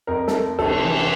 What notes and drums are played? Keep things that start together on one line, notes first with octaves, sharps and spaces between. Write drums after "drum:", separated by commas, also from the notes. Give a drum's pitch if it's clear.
F2 A#4
A4, drum: snare
A3 A#4
F1 A4, drum: cymbal
E3